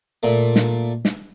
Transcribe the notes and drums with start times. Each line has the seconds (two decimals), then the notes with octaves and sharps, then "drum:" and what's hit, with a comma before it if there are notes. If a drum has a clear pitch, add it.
0.23 A#2 A3
0.56 drum: snare
1.05 drum: snare